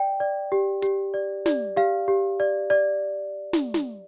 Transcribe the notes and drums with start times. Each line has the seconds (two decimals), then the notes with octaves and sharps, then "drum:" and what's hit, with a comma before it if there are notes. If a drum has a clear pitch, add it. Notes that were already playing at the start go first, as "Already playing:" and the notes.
Already playing: D5 G5
0.20 D5
0.52 G4
0.82 G4, drum: hi-hat
1.14 D5
1.46 D5, drum: snare
1.77 G4 F5
2.08 G4
2.40 D5
2.70 D5
3.53 drum: snare
3.74 drum: snare